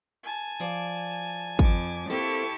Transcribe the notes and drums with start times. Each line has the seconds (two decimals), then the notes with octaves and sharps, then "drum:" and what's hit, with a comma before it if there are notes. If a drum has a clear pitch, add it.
0.23 G#5 A5
0.60 F3 D5
1.59 F2 D6, drum: kick
2.10 A#3 C4 E4 G4 A4 A5 C#6